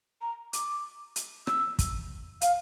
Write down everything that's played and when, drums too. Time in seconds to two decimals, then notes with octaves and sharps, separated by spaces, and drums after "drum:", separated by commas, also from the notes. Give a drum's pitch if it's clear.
0.21 A#5
0.53 D6, drum: hi-hat
1.16 drum: hi-hat
1.47 E6, drum: rim click
1.79 drum: kick, hi-hat
2.41 F5, drum: hi-hat